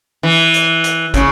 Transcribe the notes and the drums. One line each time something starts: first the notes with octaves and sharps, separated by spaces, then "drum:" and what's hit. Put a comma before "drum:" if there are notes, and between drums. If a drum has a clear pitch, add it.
E3
drum: hi-hat
drum: hi-hat
C#3, drum: kick, hi-hat